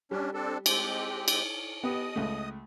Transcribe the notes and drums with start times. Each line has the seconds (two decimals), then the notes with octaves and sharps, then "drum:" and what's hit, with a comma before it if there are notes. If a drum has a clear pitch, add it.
0.11 G3 C#4 D4
0.34 C4 D4 A4
0.66 G#3 C4 G4, drum: cymbal
1.28 drum: cymbal
1.83 B3 G4 D#5 D#6
2.16 C#2 A3